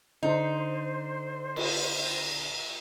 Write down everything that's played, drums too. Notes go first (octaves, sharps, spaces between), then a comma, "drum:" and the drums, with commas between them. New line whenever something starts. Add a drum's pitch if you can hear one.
D3 D#4 C5
drum: cymbal